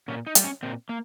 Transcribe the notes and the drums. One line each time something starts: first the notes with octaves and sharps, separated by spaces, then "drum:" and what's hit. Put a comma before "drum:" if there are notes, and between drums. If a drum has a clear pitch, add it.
A#2 C#4
D#4
G3, drum: hi-hat
C#4
A#2 C4
A#3